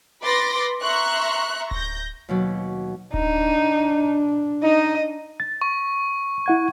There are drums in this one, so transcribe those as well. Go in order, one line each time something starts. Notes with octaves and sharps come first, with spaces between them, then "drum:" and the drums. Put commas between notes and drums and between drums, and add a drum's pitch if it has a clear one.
B4 B5 C6 D6 A6 A#6
E5 A#5 C6 C#6 F#6
G6 A#6, drum: kick D1
D#2 B2 F#3
D4 D#4, drum: kick D1
D#4 D#5
A6
C#6
E4 F#5 G#6